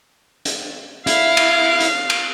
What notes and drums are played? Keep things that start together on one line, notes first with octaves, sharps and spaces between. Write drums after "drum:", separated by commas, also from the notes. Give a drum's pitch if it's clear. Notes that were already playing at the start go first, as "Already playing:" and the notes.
drum: hi-hat
E4 F5, drum: hi-hat
drum: cymbal
drum: hi-hat
drum: cymbal